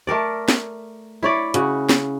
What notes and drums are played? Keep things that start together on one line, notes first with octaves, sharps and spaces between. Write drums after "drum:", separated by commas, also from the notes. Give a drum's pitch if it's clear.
A3 A4 A#4 D5
drum: snare
E4 C#5 D5
C#3 F#4, drum: hi-hat
drum: snare